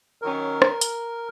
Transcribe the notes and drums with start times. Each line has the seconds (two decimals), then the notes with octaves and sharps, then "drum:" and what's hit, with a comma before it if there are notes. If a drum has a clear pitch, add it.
0.22 D#3 F#3 C#4 A#4
0.62 drum: rim click
0.81 drum: hi-hat